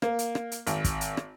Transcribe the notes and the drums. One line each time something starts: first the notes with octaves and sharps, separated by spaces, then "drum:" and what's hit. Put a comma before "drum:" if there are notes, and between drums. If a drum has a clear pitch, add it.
A#3, drum: rim click
drum: hi-hat
drum: rim click
drum: hi-hat
G#1, drum: hi-hat
drum: kick, hi-hat
drum: hi-hat
drum: rim click